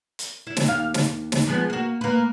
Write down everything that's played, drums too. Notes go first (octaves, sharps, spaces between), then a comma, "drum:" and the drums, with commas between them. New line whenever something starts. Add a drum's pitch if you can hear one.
drum: hi-hat
E4
drum: snare
D#2 F5
drum: snare
drum: snare
F3 G#3 B3
A#3 F#4
A#3 B4